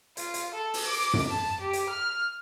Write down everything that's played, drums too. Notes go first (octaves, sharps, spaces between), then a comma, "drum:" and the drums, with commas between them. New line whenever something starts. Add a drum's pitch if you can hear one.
F4, drum: hi-hat
drum: hi-hat
A4
drum: open hi-hat
D6
drum: tom F#2
A5
G4
drum: hi-hat
F6